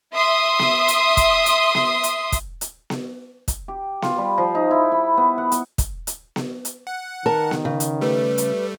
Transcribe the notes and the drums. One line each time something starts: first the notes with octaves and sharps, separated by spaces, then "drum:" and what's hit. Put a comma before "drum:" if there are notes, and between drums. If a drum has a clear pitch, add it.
E5 C6 D#6
drum: snare B3
drum: hi-hat
drum: kick, hi-hat
drum: hi-hat
drum: snare B3
drum: hi-hat
drum: kick, hi-hat
drum: hi-hat
drum: snare B3
drum: kick, hi-hat
G4
F4, drum: snare B3
G3
F3
D#4
E4
B5
B3
F#5
B3, drum: hi-hat
drum: kick, hi-hat
drum: hi-hat
drum: snare B3
drum: hi-hat
F#5
D#3 A#4 A5
drum: snare B3
C#3
drum: hi-hat
G3 A3 B4
drum: hi-hat